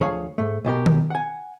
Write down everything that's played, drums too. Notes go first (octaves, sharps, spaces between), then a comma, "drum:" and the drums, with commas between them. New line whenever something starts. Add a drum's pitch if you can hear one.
D2 F3 G#4 C#5 F5
G#2 A3
B1 B2 G4 A#4
drum: tom D#3
F#5 G#5